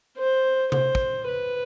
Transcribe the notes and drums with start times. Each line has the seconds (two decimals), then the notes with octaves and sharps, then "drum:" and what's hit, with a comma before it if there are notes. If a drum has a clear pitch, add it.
0.18 C5
0.72 C5, drum: tom C3
0.95 drum: kick
1.28 B4